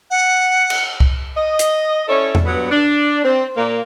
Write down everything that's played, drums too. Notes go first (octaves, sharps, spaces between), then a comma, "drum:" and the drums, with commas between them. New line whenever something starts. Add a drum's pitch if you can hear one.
F#5
drum: cymbal
drum: kick C2
D#5
drum: hi-hat
C#4 E4 A4 C#5 D5
drum: tom E2
G2 F#3 B3
D4
C4
A#2 A#3